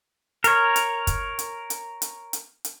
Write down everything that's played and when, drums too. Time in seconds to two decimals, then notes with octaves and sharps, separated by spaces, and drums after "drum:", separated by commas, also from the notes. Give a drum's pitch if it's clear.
0.44 A#4 C#5, drum: hi-hat
0.76 drum: hi-hat
1.07 drum: kick, hi-hat
1.39 drum: hi-hat
1.70 drum: hi-hat
2.02 drum: hi-hat
2.33 drum: hi-hat
2.65 drum: hi-hat